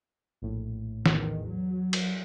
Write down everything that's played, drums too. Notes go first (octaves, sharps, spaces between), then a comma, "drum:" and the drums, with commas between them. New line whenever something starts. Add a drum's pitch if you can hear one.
A#1 A2
E2 D#3, drum: snare
F#3
drum: cymbal